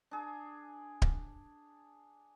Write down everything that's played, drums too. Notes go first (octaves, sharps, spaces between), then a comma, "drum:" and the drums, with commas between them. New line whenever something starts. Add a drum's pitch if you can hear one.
D4 G#4
drum: kick D1